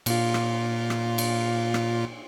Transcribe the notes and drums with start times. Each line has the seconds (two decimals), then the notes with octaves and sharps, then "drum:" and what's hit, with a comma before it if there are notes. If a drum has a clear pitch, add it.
0.06 A#2 F4, drum: cymbal
0.34 drum: rim click
0.90 drum: rim click
1.18 drum: cymbal
1.74 drum: rim click